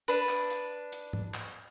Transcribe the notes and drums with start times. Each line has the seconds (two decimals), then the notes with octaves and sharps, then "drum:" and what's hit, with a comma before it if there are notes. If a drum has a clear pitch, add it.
0.08 D4 B4, drum: hi-hat
0.29 drum: clap
0.50 drum: hi-hat
0.92 drum: hi-hat
1.13 drum: tom G#2
1.34 drum: clap